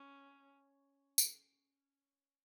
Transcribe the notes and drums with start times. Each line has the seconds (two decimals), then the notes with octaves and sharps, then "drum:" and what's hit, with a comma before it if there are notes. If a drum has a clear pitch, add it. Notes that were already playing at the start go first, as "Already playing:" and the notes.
Already playing: C#4
1.18 drum: tambourine